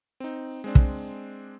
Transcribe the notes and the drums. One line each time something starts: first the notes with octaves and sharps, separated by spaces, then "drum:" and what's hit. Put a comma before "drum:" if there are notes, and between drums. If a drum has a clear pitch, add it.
C4 D#4
G#3 C4 D4
drum: kick